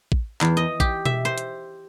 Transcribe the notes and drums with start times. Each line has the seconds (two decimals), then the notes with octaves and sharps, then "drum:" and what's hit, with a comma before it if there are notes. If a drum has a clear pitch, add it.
0.12 drum: kick
0.41 E2, drum: clap
0.57 D#5
0.80 G4, drum: kick
1.05 E5, drum: tom B2
1.25 C5
1.38 drum: hi-hat